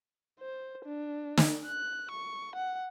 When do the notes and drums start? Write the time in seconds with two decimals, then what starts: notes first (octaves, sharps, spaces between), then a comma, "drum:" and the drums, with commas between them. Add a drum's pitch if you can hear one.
0.40 C5
0.85 D4
1.37 drum: snare
1.66 F#6
2.11 C#6
2.55 F#5